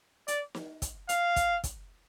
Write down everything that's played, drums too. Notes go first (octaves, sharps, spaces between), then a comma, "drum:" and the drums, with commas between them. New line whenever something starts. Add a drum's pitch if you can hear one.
D5, drum: hi-hat
drum: snare
drum: kick, hi-hat
F5, drum: hi-hat
drum: kick, hi-hat
drum: kick, hi-hat